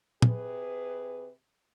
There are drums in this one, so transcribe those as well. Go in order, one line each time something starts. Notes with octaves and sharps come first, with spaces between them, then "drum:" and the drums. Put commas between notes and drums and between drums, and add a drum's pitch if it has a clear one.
C3 G#4 B4, drum: tom A#2